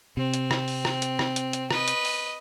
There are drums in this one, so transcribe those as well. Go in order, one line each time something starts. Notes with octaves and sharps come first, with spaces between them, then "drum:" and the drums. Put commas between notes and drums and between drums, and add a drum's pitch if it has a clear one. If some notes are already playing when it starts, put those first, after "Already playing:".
C3 C4
drum: hi-hat
drum: rim click
drum: open hi-hat
drum: rim click
drum: hi-hat
drum: rim click
drum: hi-hat
drum: hi-hat
B4 D#5, drum: rim click
drum: hi-hat
drum: open hi-hat